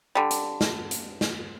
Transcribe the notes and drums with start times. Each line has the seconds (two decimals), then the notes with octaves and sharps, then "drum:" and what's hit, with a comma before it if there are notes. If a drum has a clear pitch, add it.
0.15 D3 G3
0.30 drum: hi-hat
0.61 drum: snare
0.91 drum: hi-hat
1.21 drum: snare